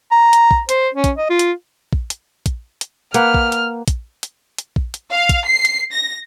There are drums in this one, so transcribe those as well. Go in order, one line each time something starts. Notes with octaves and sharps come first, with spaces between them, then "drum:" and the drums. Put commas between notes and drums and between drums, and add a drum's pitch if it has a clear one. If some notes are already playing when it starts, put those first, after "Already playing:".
A#5
drum: hi-hat
drum: kick
C5, drum: hi-hat
C#4
drum: kick, hi-hat
D#5
F4
drum: hi-hat
drum: kick
drum: hi-hat
drum: kick, hi-hat
drum: hi-hat
A#3 B4 F#5 F6, drum: hi-hat
drum: kick
drum: hi-hat
drum: kick, hi-hat
drum: hi-hat
drum: hi-hat
drum: kick
drum: hi-hat
F5
drum: kick, hi-hat
C7
drum: hi-hat
A#6